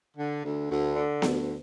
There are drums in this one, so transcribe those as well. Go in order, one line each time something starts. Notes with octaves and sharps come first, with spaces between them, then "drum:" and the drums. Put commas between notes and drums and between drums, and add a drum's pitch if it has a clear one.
D3
D2
D2
D3
D2, drum: snare B3